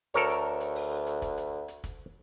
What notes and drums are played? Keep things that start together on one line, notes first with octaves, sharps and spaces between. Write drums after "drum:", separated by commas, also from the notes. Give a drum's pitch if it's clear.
D2 A4 A#4 C#5
drum: hi-hat
drum: hi-hat
drum: open hi-hat
drum: hi-hat
drum: kick, hi-hat
drum: hi-hat
drum: hi-hat
drum: kick, hi-hat